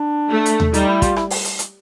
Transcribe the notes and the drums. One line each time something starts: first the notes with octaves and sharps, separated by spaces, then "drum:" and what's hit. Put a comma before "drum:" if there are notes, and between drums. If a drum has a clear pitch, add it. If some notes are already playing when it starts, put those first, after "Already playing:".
Already playing: D4
A3
drum: hi-hat
drum: tom D#2
G3 D#4, drum: hi-hat
E4
F4, drum: kick, hi-hat
E4, drum: rim click
drum: open hi-hat
drum: hi-hat
drum: hi-hat